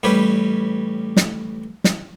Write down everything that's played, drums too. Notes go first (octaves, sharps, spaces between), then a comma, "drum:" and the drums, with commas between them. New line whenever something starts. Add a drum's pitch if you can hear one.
A1 G3 C#4 G4 B4
drum: snare
drum: snare